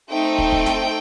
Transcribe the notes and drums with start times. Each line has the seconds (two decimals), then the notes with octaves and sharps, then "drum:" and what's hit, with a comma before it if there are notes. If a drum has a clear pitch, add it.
0.10 A3 C4 D#4 G5
0.38 drum: kick
0.52 drum: kick
0.66 drum: snare